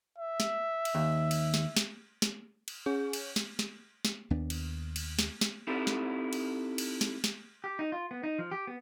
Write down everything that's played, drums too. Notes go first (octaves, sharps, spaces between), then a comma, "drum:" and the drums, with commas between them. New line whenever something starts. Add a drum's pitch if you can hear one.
E5
drum: snare
drum: cymbal
D#2
drum: cymbal
drum: snare
drum: snare
drum: snare
drum: cymbal
C#4 G#4
drum: cymbal
drum: snare
drum: snare
drum: snare
D#2 B3 D4
drum: cymbal
drum: cymbal
drum: snare
drum: snare
C4 D#4 E4 G4 A4
drum: snare
drum: cymbal
drum: cymbal
drum: snare
drum: snare
G4
D#4
F4
B3
D#4
F3
G4
B3